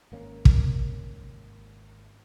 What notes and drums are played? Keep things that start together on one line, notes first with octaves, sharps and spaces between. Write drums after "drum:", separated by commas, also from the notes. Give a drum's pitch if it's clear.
G#1 A#3 C#4
drum: kick